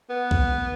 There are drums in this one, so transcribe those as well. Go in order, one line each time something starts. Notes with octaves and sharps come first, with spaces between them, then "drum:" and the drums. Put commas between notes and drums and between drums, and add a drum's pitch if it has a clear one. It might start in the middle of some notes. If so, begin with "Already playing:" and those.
B3
drum: kick B1